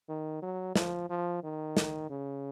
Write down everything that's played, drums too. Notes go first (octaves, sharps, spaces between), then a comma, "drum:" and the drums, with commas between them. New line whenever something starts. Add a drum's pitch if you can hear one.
D#3
F#3
F3, drum: snare
F3
D#3
drum: snare
C#3